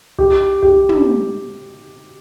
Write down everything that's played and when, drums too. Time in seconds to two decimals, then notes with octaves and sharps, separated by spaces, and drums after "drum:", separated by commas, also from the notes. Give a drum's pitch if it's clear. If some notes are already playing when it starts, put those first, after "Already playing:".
0.19 G4, drum: kick
0.62 G4, drum: kick
0.89 drum: tom